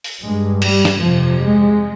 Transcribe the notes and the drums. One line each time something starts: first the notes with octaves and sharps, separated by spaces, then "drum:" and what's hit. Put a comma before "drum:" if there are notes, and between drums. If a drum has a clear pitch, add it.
drum: open hi-hat
G2 G#3
G3, drum: cymbal
drum: snare
F2 C3 F3
G#3